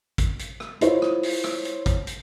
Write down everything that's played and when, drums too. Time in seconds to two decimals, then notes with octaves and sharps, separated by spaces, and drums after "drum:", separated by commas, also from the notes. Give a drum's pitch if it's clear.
0.18 drum: kick, hi-hat
0.39 drum: hi-hat
0.60 drum: rim click
0.81 E4 F4 C5 C#5, drum: hi-hat
1.02 drum: rim click
1.23 drum: open hi-hat
1.44 drum: rim click
1.65 drum: hi-hat
1.86 drum: kick, hi-hat
2.07 drum: hi-hat